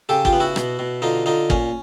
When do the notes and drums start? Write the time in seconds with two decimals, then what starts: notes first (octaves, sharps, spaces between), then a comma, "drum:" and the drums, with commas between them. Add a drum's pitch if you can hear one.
0.09 C#3 G4 A4
0.25 F4 G4, drum: kick
0.33 B3
0.40 E4 F#4
0.56 B2, drum: rim click
0.79 B2
1.02 D3 D#4 F4
1.26 D3 D#4 F4
1.50 A#2 C#4, drum: kick